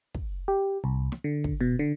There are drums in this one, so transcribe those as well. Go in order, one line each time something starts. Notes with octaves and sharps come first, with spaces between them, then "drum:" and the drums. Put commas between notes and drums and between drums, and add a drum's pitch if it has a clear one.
drum: kick
G4
C2
drum: snare
D3
drum: kick
B2
D3